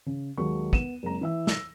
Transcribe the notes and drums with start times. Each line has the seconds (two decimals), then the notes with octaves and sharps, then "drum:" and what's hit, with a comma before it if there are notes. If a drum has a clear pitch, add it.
0.06 C#3
0.38 D#2 F#3 G#3 C#6
0.73 B3 D#7 E7, drum: kick
1.03 F#1 G#3 C4 A#5
1.21 E3 E5 E6
1.47 E6 A#6, drum: snare